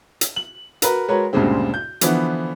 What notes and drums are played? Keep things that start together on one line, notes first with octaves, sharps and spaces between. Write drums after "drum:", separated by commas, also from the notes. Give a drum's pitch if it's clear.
drum: hi-hat
F#7
F#4 A#4 B4, drum: hi-hat
G#3 F#4 A#4 B4 C#5
D2 G2 A#2 C#3 G#3 C4
G6
D3 E3 F3 B3, drum: hi-hat